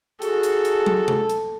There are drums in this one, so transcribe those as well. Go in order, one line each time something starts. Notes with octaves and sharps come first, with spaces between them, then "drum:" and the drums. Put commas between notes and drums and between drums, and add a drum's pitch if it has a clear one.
D#4 F#4 G#4 A4, drum: hi-hat
drum: hi-hat
drum: hi-hat
drum: tom
drum: tom
drum: hi-hat